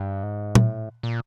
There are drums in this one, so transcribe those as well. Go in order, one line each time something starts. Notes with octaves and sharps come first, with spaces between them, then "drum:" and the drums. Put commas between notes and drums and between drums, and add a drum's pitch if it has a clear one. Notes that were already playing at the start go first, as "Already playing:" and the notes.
Already playing: G2
G#2
A2, drum: tom A#2
A#2